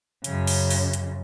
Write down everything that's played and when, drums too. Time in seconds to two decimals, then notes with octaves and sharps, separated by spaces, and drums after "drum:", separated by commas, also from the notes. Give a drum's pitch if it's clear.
0.24 F#2 C#3, drum: hi-hat
0.47 drum: open hi-hat
0.70 drum: open hi-hat
0.93 drum: hi-hat